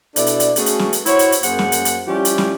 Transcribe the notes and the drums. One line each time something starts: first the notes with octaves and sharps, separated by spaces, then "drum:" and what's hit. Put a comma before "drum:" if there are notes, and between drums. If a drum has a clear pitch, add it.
B2 D4 E4 A4 D5, drum: hi-hat
drum: hi-hat
drum: hi-hat
A3 B3 C#4 F#4 G#4, drum: hi-hat
drum: hi-hat
drum: snare
drum: hi-hat
E4 F#4 C5 C#5, drum: hi-hat
drum: hi-hat
drum: hi-hat
F#2 A#3 G#4 C5 F#5, drum: hi-hat
drum: snare
drum: hi-hat
drum: hi-hat
F3 G3 C#4 E4 G4
drum: hi-hat
drum: snare